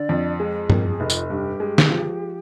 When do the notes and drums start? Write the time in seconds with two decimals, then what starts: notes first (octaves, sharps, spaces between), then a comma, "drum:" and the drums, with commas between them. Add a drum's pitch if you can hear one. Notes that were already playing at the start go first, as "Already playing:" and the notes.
Already playing: D3 D5
0.09 F2
0.40 G#3
0.70 F2 A#4, drum: tom
0.90 G#4
1.00 F1
1.10 F4, drum: tambourine
1.30 G2 G4
1.60 G#3
1.78 drum: snare
1.91 F3